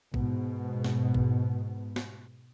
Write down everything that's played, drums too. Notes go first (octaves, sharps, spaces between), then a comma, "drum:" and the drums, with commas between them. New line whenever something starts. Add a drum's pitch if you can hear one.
G#2 B2, drum: kick A1
drum: snare
drum: kick A1
drum: snare